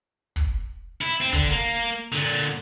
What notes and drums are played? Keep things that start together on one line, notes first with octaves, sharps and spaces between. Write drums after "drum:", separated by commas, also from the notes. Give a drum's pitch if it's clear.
drum: kick
E4
C4
D3 D4, drum: kick
A#3
A#2 D3, drum: hi-hat